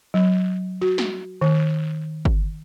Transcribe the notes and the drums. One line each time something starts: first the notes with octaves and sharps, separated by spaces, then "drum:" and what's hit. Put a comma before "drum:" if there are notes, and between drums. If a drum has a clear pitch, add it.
F#3
F#4
drum: snare
D#3
drum: kick G1